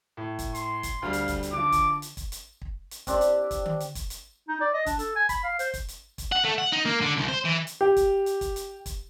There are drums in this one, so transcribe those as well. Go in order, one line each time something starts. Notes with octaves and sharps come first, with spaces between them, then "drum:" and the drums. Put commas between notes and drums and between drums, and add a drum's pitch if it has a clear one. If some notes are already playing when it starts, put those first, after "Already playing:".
A2
drum: kick, hi-hat
C6, drum: hi-hat
drum: kick, hi-hat
D2 G3 F5
drum: hi-hat
drum: kick, hi-hat
drum: hi-hat
D3 F3 D6
drum: kick, hi-hat
drum: hi-hat
drum: kick, hi-hat
drum: hi-hat
drum: kick
drum: hi-hat
C4 D4 G4 D5, drum: kick, hi-hat
drum: hi-hat
drum: kick, hi-hat
drum: tom D3
drum: hi-hat
drum: kick, hi-hat
drum: hi-hat
D#4
D5
D#5
D4, drum: kick, hi-hat
A4, drum: hi-hat
G#5
B5, drum: kick, hi-hat
F5
C5, drum: hi-hat
drum: kick, hi-hat
drum: hi-hat
drum: kick, hi-hat
F#5
A3
F#5
D#4
A#3
D3
C2
C5
E3
drum: hi-hat
G4
drum: kick, hi-hat
drum: hi-hat
drum: kick, hi-hat
drum: hi-hat
drum: kick, hi-hat